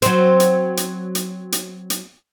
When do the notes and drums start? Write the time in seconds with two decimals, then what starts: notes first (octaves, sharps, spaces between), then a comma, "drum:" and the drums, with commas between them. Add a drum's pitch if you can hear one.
0.02 F#3 C4, drum: hi-hat
0.40 drum: hi-hat
0.77 drum: hi-hat
1.15 drum: hi-hat
1.52 drum: hi-hat
1.90 drum: hi-hat